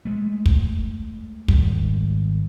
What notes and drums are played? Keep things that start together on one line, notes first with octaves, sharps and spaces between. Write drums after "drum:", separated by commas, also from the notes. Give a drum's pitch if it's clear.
G#3 A3
drum: kick
G#1 G3, drum: kick